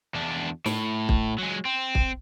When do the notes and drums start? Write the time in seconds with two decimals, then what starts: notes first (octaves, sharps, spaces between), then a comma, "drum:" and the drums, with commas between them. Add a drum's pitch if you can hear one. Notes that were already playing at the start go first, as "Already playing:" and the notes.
0.14 E2 D4
0.66 A2, drum: snare
1.09 drum: kick
1.38 F#3 G#3
1.65 C4
1.95 drum: kick